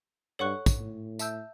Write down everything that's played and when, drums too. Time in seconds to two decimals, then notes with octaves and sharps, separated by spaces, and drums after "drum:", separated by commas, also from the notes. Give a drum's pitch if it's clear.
0.39 G2 A4 C#5 F#5 C#6 F#6
0.66 drum: kick, tambourine
0.80 A2
1.19 E5 A5 E6 G6, drum: tambourine